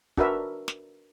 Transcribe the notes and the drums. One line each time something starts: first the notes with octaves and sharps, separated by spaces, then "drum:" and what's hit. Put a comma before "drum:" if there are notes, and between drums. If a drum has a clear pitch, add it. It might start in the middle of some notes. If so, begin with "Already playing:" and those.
D4 F#4 A#4 B4 E5, drum: kick
drum: snare